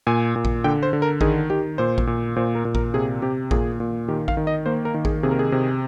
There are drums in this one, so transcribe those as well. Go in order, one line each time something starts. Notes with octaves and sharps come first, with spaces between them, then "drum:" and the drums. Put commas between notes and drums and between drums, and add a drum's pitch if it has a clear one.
A#2 G#5
A#2
drum: kick A1
D3 G5
C5
D3
A#4
D#3 G#4, drum: kick A1
D#3 G4
A#2 C5
drum: kick A1
A#2
A#2 C5
A#4
A#2
A#4, drum: kick A1
C3 G#4
C3 G4
A#2 G#4, drum: kick A1
A#2
D#3 G4
F5, drum: kick A1
D#3
D#5
A#3 C5
A#4
D#3
G#4, drum: kick A1
C3 G#4
A#4
G#4
C3